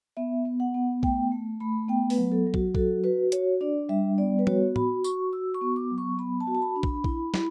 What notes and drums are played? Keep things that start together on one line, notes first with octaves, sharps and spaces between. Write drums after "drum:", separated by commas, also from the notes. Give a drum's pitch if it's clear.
B3 E5
B3
F#5
B3
A3 G5, drum: kick
A3
A3 B5
B3 G5
B4, drum: open hi-hat
F#3
A4
F#3
F#4, drum: kick
F#4 A4, drum: kick
F#4 B4
F#4 C#5, drum: hi-hat
D4 D5
G3 E5
B3 D5
B4
F#4 C#5, drum: tom
F#4 B5, drum: tom A2
F#4 C#6, drum: tambourine
F#4 E6
C#6
B3
D6
F#3
C#6
B3 B5
A5
F#4
A5
B5
D4
B5, drum: kick
E4, drum: kick
E4, drum: snare